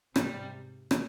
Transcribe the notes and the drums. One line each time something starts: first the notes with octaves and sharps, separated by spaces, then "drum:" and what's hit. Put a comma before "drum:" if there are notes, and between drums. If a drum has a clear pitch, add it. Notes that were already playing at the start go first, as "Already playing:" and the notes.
G#2 C3 G3, drum: rim click
drum: rim click